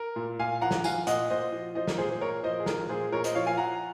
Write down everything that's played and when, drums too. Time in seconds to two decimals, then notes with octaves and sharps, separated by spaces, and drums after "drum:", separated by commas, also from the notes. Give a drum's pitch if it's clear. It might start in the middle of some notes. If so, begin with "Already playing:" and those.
Already playing: A#4
0.16 A#2
0.39 A#2 F5 G#5
0.61 F3 F#5 A#5
0.71 drum: snare
0.84 F3 F5 G#5, drum: tambourine
1.07 A#2 D#5 F#5, drum: hi-hat
1.30 A#2 C5 D#5
1.52 F3
1.75 F3 C5 D#5
1.87 A#4, drum: snare
1.98 A#2 G#4 C5
2.09 G#4 C5
2.21 A#2 A#4 C#5
2.44 F3 C5 D#5
2.60 G#4
2.66 F3 A#4, drum: snare
2.89 A#2 G#4 C5
3.12 A#2 A#4 C#5
3.24 C5 D#5, drum: hi-hat
3.35 F3 C#5 F5
3.46 F5 G#5
3.57 F3 F#5 A#5